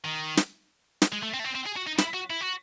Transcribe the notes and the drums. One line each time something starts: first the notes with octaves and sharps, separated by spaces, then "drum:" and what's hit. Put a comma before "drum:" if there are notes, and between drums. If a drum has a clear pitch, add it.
D#3
drum: snare
drum: snare
G#3
A3
C4
A3
C4
C4
G#4
F#4
D#4
E4, drum: snare
F#4
E4
F#4